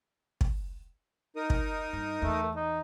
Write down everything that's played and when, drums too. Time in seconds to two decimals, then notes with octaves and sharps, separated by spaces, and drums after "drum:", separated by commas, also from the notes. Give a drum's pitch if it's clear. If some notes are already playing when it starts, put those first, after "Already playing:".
0.41 drum: kick
1.36 D#4 A#4 D#6
1.50 drum: kick
1.93 G2
2.22 E2 A3
2.56 D#4